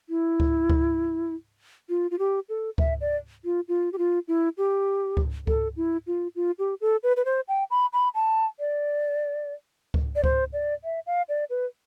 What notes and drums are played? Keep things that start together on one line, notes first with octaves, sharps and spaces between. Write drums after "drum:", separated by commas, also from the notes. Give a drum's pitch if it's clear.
E4
drum: kick C#2
drum: kick C#2
F4
F4
G4
A4
E5, drum: kick C#2
D5
F4
F4
G4
F4
E4
G4
drum: kick C#2
A4, drum: kick C#2
E4
F4
F4
G4
A4
B4
B4
C5
G5
B5
B5
A5
D5
drum: kick C#2
D5
C5, drum: kick C#2
D5
E5
F5
D5
B4